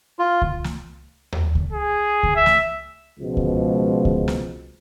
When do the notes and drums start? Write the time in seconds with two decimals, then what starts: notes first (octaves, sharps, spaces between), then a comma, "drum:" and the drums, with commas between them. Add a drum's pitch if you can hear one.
0.19 F4
0.42 drum: kick C#2
0.64 drum: snare
1.32 drum: tom D#2
1.55 drum: kick C#2
1.72 G#4
2.23 drum: kick C#2
2.36 E5
2.46 drum: snare
3.20 C#2 B2 F3 G#3
3.37 drum: kick C#2
4.05 drum: kick C#2
4.28 drum: snare